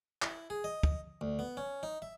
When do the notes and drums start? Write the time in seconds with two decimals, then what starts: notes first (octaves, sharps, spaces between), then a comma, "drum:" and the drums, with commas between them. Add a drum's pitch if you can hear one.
0.22 E4, drum: clap
0.50 G#4
0.64 D#5
0.83 drum: kick
1.21 D2
1.39 B3
1.57 C#4
1.83 D#4
2.02 E5